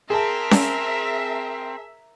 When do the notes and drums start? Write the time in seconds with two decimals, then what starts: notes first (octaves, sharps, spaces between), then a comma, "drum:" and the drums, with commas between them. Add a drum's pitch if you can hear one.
0.10 C4 G#4 A#4 E5 A5
0.51 drum: snare C#4